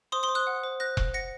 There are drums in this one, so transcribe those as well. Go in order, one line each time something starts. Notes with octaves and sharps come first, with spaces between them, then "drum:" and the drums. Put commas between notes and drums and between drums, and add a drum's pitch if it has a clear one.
C5 C6 D#6
C6 D#6
C5
D#6 F#6
F#5
C5
C5 F#6 A#6
C5, drum: kick E1
F#5 A#6 C#7